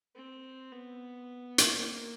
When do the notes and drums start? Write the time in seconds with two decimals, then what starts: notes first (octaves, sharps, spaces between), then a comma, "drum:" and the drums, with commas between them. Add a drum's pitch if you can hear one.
0.15 C4
0.72 B3
1.58 A#3, drum: hi-hat